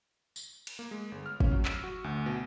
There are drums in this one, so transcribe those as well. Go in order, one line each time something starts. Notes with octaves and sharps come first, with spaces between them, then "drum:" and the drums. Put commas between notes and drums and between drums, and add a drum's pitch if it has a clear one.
drum: tambourine
drum: cymbal
A#3
G#3
G1
F6
C#4, drum: kick
F#3
E6, drum: clap
F#4
D2
B2